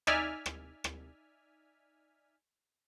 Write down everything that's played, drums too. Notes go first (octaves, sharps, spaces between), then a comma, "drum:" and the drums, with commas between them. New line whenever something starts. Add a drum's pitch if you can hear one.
D#4 D5 E5 G#5 F6 B6, drum: rim click
drum: rim click
drum: rim click